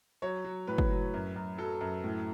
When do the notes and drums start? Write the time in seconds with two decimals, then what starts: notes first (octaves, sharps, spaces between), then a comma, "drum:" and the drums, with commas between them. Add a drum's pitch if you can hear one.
0.22 F#3 C#5
0.45 F#3
0.67 A2 B4
0.78 drum: kick
0.90 F#3
1.14 F#2
1.36 F#2
1.58 F#3 A4
1.81 F#2
2.04 A2